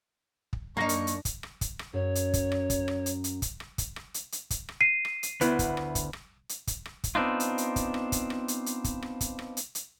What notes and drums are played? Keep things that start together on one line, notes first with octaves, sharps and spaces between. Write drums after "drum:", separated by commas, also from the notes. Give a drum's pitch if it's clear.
drum: kick
F#2 A#3 D4 D#4 A#5 C#6 A#6
drum: hi-hat
drum: hi-hat
drum: kick, hi-hat
drum: rim click
drum: kick, hi-hat
drum: rim click
F#2 C#5
drum: hi-hat
drum: kick, hi-hat
drum: rim click
drum: kick, hi-hat
drum: rim click
drum: hi-hat
drum: hi-hat
drum: kick, hi-hat
drum: rim click
drum: kick, hi-hat
drum: rim click
drum: hi-hat
drum: hi-hat
drum: kick, hi-hat
drum: rim click
C7 D#7
drum: rim click
drum: hi-hat
D2 B3 E4, drum: hi-hat
drum: kick, hi-hat
drum: rim click
drum: kick, hi-hat
drum: rim click
drum: hi-hat
drum: kick, hi-hat
drum: rim click
drum: kick, hi-hat
B3 C4 D4 D#4 F4
drum: hi-hat
drum: hi-hat
drum: kick, hi-hat
drum: rim click
drum: kick, hi-hat
drum: rim click
drum: hi-hat
drum: hi-hat
drum: kick, hi-hat
drum: rim click
drum: kick, hi-hat
drum: rim click
drum: hi-hat
drum: hi-hat